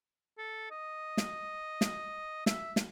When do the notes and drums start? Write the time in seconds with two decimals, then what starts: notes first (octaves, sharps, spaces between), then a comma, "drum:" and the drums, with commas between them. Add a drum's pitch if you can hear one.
0.38 A4
0.71 D#5
1.17 drum: snare
1.81 drum: snare
2.46 E5, drum: snare
2.76 drum: snare